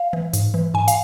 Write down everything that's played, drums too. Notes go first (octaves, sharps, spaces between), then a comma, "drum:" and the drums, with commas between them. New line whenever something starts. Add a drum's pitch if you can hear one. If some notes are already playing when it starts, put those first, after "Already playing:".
Already playing: F5
E3
G#2, drum: hi-hat
E3
G#2 G#5
F5, drum: hi-hat